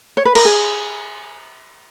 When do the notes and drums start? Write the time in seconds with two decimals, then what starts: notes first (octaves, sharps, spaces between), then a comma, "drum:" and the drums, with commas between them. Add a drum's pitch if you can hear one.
0.17 C#5
0.25 B4
0.35 A#4, drum: cymbal
0.45 G#4